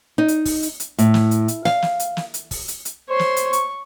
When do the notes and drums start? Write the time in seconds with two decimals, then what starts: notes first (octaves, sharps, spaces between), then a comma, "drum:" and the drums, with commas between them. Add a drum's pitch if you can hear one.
0.18 D#4
0.28 drum: hi-hat
0.45 drum: kick, open hi-hat
0.63 drum: hi-hat
0.80 drum: hi-hat
0.99 A2, drum: hi-hat
1.14 drum: snare
1.31 drum: hi-hat
1.48 drum: hi-hat
1.65 F5, drum: snare
1.82 drum: snare
2.00 drum: hi-hat
2.17 drum: snare
2.34 drum: hi-hat
2.51 drum: kick, open hi-hat
2.68 drum: hi-hat
2.85 drum: hi-hat
3.10 C5 C#5 C6
3.19 drum: snare
3.36 drum: hi-hat
3.53 C#6, drum: hi-hat